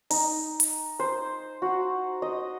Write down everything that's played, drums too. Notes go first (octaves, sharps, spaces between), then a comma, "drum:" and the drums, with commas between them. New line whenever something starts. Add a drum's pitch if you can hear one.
D#4, drum: open hi-hat
drum: hi-hat
C5
F#4
D#5